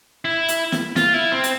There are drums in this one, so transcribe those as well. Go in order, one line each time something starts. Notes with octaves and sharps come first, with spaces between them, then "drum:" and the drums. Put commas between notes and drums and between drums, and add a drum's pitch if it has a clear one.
E4
drum: hi-hat
drum: snare
F4, drum: snare
E4
C4
drum: hi-hat